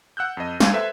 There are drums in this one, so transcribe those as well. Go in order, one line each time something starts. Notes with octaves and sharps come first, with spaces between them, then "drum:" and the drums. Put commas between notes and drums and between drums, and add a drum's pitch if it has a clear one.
F#5 E6 F#6 G6
F2 D#5
F5 D6 G#6, drum: snare
A4 B4 C5 E5